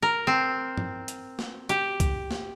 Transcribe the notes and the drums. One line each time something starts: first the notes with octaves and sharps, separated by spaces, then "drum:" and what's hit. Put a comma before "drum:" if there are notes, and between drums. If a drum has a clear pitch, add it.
A#4
C4
drum: tom G2
drum: hi-hat
drum: snare
G4, drum: hi-hat
drum: kick, hi-hat
drum: snare